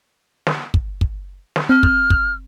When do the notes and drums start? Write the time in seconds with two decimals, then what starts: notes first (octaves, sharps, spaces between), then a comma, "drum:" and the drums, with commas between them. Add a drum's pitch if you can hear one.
0.47 drum: snare
0.74 drum: kick
1.01 drum: kick
1.56 drum: snare
1.69 C4 F6
1.83 drum: kick
2.10 drum: kick